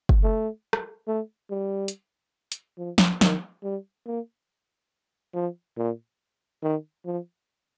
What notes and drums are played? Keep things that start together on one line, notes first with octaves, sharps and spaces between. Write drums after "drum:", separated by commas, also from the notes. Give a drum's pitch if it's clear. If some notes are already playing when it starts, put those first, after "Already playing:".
drum: kick
A3
drum: rim click
A3
G3
drum: hi-hat
drum: hi-hat
F3
drum: snare
D#3, drum: snare
G3
A#3
F3
A#2
D#3
F3